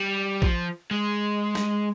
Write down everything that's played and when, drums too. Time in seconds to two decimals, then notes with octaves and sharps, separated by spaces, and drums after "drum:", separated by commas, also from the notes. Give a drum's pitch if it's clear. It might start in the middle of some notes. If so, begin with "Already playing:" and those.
Already playing: G3
0.42 F3, drum: kick A#1
0.91 G#3
1.55 drum: snare